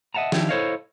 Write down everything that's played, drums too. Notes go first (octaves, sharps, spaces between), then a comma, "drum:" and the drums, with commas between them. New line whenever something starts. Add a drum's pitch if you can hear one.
D#5 E5 F#5 A5 A#5
D#3 F3 D4 E4 G4, drum: snare
E4 A4 C5 C#5 D#5 F5